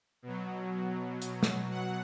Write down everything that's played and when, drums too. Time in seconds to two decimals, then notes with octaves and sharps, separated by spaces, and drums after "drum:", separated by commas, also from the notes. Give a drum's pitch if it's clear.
0.22 B2 F#3
1.22 B2 F#3, drum: hi-hat
1.43 drum: snare
1.71 F#5